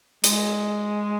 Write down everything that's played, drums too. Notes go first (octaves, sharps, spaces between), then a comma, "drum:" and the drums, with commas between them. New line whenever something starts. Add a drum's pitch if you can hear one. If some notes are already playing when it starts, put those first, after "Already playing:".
G#3, drum: hi-hat